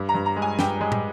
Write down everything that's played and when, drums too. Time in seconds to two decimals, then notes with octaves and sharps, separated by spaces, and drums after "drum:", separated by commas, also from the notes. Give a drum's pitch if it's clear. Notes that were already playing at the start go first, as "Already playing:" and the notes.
Already playing: G2
0.09 A#5
0.14 G2
0.26 A#5
0.36 G#3
0.42 G#5
0.59 G2 G5, drum: snare
0.81 G#3
0.92 drum: tom